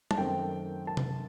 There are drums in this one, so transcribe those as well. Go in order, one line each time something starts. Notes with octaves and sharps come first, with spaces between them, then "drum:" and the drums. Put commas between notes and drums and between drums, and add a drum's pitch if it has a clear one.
A5, drum: tom
F#2 D#3 A3 C4 G5
A5
drum: tom C3